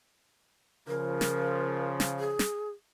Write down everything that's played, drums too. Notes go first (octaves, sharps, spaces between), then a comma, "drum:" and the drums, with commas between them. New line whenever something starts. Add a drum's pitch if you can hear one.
C#3 F3 A#4
drum: snare
drum: snare
G#4
drum: snare